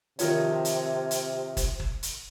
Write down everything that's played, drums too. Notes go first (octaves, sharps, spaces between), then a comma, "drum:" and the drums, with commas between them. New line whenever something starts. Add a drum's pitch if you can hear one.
C3 D#3 F3 C#5, drum: hi-hat
drum: hi-hat
drum: hi-hat
drum: kick, hi-hat
drum: kick
drum: hi-hat